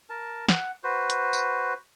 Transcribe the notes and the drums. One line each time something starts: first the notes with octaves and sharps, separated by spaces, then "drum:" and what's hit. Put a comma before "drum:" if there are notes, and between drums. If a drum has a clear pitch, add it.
A#4 A5
F#5, drum: snare
F#4 B4 C5
drum: hi-hat
drum: tambourine